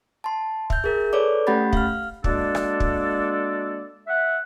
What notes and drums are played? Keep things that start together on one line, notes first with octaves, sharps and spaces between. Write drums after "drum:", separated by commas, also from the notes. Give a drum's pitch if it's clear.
A5 C6
E5 G6, drum: kick
G#4 A#4
A4 B4 C#5 D5 D6
A3 C#4 G4 F#5 B5 A6
F5 F6, drum: kick
G#3 A#3 D4 F#4 A4 D5, drum: kick
drum: rim click
drum: kick
E5 F#5